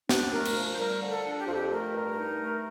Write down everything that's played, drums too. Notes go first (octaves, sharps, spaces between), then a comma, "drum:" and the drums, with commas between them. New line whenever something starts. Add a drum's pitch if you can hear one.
D4, drum: snare
A3 A#4
drum: cymbal
F3
C5
G3 A#4
D3
A4
D4
G4
F2 F4
G4
A3 A#4
G2
D#4
A3